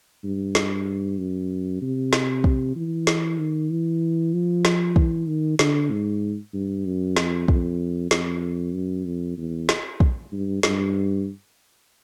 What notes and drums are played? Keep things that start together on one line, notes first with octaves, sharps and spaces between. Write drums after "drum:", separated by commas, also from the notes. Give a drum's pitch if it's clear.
G2
drum: snare
F#2
C3
drum: snare
drum: kick
E3
drum: snare
D#3
E3
F3
drum: snare
E3, drum: kick
D#3
D3, drum: snare
G#2
G2
F#2
F2, drum: snare
F2, drum: kick
F2, drum: snare
F#2
F2
E2
drum: snare
drum: kick
G2
G2, drum: snare